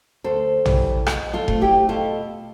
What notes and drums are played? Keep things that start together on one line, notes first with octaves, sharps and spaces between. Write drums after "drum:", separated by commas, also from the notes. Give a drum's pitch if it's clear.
D2 A4 C5
C3 E3 G3, drum: tom
B2, drum: rim click
F4 A4
A3 C4, drum: kick F1
E4 G4
B2 F4 A4